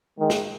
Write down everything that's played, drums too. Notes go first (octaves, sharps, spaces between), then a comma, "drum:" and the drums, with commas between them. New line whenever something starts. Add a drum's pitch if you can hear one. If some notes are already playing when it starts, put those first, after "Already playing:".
D#3 G#3
drum: snare